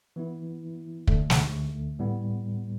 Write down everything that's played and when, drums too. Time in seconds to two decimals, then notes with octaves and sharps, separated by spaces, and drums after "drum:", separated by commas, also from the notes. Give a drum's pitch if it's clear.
0.16 E3 B3 E4
1.07 D2 D3 A3, drum: kick
1.30 drum: snare
1.99 A2 G3 B3